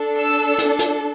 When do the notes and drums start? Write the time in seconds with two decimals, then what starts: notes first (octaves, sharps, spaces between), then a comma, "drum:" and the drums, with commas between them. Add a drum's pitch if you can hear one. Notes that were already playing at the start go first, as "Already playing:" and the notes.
Already playing: D4 A4
0.17 E6
0.58 drum: hi-hat
0.79 drum: hi-hat